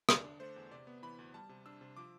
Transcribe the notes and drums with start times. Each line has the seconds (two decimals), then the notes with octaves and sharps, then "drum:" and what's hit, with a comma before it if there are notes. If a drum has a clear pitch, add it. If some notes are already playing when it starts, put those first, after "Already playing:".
0.09 D3 D5, drum: rim click
0.24 D4
0.40 A3 C5
0.56 E2
0.71 C3 D5
0.87 B3
1.02 E3 B5
1.19 D2
1.34 G3 A5
1.49 C3
1.66 D4 E6
1.81 C3
1.97 F3 D6